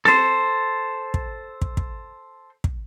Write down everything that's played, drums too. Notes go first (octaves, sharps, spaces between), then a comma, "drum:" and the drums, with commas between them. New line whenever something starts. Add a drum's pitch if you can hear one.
A4 C5, drum: snare C4
drum: kick
drum: kick
drum: kick
drum: kick